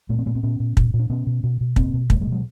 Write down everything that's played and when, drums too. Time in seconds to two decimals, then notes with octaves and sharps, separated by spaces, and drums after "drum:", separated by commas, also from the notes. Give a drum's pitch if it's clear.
0.09 A#2 A3 B3
0.18 A#3 C4
0.26 A#2 A3 B3
0.35 A#3 C4
0.43 A#2 B3 C#4
0.60 A#2
0.77 A#2, drum: kick
0.94 A#2
0.99 D4
1.09 B2 B3 C#4
1.27 B2
1.43 B2
1.61 B2
1.76 B2 A#3 C4, drum: kick
1.93 B2
2.10 B2 G#3 A#3, drum: kick
2.21 G3 A3
2.27 B2
2.32 F#3 G#3